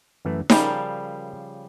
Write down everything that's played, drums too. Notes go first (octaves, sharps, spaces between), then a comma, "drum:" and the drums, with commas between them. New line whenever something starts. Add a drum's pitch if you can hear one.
F#2 E3 A3
C#3 F3 G3 A#4 D5, drum: snare D#4